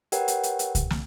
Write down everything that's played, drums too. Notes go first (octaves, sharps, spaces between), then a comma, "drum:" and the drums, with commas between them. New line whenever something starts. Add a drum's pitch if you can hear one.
G4 A#4 B4 C#5 F#5 G5, drum: hi-hat
drum: hi-hat
drum: hi-hat
drum: hi-hat
drum: kick C2, hi-hat
drum: snare